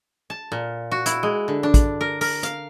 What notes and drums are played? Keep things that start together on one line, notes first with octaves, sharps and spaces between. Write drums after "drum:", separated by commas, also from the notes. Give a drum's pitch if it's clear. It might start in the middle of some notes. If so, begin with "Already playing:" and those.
A5
A#2
F#4
E4, drum: hi-hat
G#3
D3
D4
drum: kick, hi-hat
A#4
A#4, drum: open hi-hat
F5, drum: hi-hat